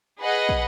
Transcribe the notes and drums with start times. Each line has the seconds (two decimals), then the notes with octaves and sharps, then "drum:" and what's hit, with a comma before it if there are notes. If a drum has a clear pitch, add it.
0.20 G#4 B4 D#5 F#5
0.49 drum: kick